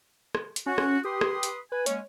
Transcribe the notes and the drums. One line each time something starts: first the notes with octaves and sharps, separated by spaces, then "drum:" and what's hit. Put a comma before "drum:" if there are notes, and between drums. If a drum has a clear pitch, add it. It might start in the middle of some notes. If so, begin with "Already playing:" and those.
drum: rim click
drum: hi-hat
C#4 F#4
drum: rim click
G4 B4 C6 D#6
drum: rim click
drum: hi-hat
B4 G#5
G#3 A#3 C#4 C#5, drum: hi-hat